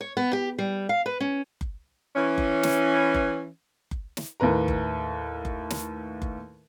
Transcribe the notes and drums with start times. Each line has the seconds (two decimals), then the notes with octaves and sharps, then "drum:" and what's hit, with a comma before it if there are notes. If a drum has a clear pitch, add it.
0.01 C#5
0.17 B3
0.33 G4
0.58 G3
0.89 F5
1.06 B4
1.20 C#4
1.61 drum: kick F#1
2.15 E3 C#4
2.38 drum: kick F#1
2.63 drum: snare
3.14 drum: kick F#1
3.91 drum: kick F#1
4.17 drum: snare
4.40 D#2 A2 B4 A#5
4.68 drum: kick F#1
5.45 drum: kick F#1
5.70 drum: snare
6.22 drum: kick F#1